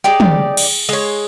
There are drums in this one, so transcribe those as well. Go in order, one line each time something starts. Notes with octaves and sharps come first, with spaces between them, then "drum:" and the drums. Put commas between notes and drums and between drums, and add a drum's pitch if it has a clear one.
D#4 G4 G#4 D5 G5
drum: tom
drum: cymbal
G#3 C#5